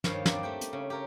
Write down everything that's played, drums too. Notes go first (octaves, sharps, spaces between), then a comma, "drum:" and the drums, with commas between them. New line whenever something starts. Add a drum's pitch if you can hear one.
G2 D#3 F3 C#5 F5, drum: snare
C4 D4 D#4 D5, drum: snare
A3 G4 G5
drum: hi-hat
C#3
G4 A#4 C#5